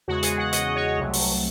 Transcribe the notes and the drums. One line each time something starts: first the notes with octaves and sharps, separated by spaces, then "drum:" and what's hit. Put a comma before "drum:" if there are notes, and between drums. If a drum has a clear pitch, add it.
E2 C#3 G#3 F#4
G#4, drum: hi-hat
F#5
D#5, drum: hi-hat
C#5
C2 C3 F#3 A3
drum: open hi-hat